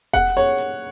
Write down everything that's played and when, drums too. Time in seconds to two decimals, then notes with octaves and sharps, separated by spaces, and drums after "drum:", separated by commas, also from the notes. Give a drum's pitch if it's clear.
0.13 F#5, drum: kick E1, hi-hat
0.37 C#5, drum: hi-hat
0.58 drum: hi-hat